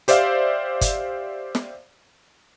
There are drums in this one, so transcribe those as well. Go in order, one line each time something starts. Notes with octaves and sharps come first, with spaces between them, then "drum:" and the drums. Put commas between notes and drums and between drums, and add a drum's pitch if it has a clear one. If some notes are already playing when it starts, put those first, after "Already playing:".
G4 C5 D5 E5 F5, drum: hi-hat
drum: kick G1, hi-hat
drum: snare